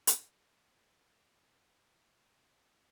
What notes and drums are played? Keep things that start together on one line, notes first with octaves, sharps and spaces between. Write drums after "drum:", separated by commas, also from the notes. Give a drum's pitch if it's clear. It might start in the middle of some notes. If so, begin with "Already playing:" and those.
D#2 A#2, drum: hi-hat